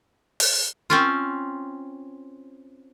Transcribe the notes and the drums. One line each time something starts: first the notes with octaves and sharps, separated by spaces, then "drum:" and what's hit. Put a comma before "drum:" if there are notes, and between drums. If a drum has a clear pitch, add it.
drum: open hi-hat
C4 C#4 F4